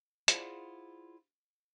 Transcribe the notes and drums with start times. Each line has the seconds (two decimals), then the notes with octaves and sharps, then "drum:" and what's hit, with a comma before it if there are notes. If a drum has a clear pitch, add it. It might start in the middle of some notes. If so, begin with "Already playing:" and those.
0.28 E4 F4 G#4 C5 D5 F#5, drum: hi-hat